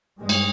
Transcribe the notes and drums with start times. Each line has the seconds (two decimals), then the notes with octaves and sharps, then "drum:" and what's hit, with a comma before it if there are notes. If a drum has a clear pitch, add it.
0.18 G2 G#3
0.29 drum: cymbal